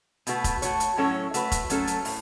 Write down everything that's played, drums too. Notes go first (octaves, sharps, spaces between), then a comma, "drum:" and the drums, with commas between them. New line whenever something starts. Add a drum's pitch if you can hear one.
B2 A3 F#4 B4, drum: hi-hat
drum: kick F1, hi-hat
A3 F#4 C#5, drum: hi-hat
drum: hi-hat
A2 F#3 C#4 A4 C#5
A3 F#4 B4, drum: hi-hat
drum: kick F1, hi-hat
F#3 A3 C#4 A4, drum: hi-hat
drum: hi-hat
A2, drum: open hi-hat